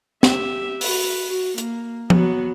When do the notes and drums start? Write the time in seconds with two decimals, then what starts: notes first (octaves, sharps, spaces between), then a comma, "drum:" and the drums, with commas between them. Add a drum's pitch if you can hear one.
0.23 G4 E5, drum: snare
0.81 F#4 B4, drum: open hi-hat
1.28 F#4
1.58 A#3, drum: hi-hat
2.10 F#3 B3, drum: tom F3